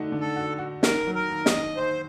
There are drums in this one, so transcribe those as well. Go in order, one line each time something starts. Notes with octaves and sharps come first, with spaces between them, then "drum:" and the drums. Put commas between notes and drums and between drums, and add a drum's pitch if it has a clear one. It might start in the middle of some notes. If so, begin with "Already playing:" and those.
Already playing: D3 A3 D#4 F#4
D3
A4
F#4
F#4
D#3 A#4, drum: snare
F#3
A#4
D#2
D#5, drum: snare
D#3
D#2 C5